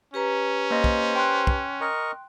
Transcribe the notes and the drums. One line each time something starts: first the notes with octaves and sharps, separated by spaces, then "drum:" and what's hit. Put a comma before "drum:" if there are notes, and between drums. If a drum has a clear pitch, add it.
C#4 G4 B4 A#5
A#3 C5 D#5
drum: kick
G5 C6 F#6
drum: kick
A#4 D#5 C#6